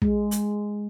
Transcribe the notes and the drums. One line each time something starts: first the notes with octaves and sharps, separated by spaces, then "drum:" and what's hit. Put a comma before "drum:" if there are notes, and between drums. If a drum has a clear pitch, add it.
G#3, drum: kick
drum: hi-hat